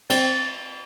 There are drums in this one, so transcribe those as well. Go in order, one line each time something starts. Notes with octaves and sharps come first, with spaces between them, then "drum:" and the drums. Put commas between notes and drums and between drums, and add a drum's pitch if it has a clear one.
C4 A6, drum: cymbal